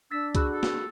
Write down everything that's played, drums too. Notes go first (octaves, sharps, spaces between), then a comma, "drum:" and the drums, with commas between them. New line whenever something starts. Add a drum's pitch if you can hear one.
D4 E6 A6 B6
F#4 G#4 B5 E6 F#6, drum: kick C#2, hi-hat
A4
drum: snare